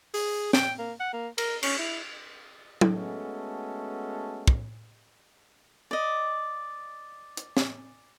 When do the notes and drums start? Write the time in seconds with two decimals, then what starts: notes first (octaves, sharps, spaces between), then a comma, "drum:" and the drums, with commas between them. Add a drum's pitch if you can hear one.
0.14 G#4, drum: open hi-hat
0.53 G5, drum: snare
0.79 A#3
1.00 F#5
1.13 A#3
1.38 A#4, drum: cymbal
1.63 C#4, drum: cymbal
1.79 E4
2.81 drum: tom F#3
2.91 G#3 A3 B3 C#4 F#4 A4
4.48 drum: kick
5.91 D5 D#5
7.37 drum: hi-hat
7.57 drum: snare